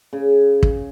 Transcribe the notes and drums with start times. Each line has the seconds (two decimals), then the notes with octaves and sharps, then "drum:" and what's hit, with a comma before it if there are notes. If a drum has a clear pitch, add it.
0.13 C#3
0.63 drum: kick